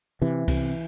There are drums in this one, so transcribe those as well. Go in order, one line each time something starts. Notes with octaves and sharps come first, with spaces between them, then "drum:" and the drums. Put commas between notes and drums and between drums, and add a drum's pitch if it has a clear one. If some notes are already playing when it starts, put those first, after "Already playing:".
C3 E3
C3, drum: kick C2, cymbal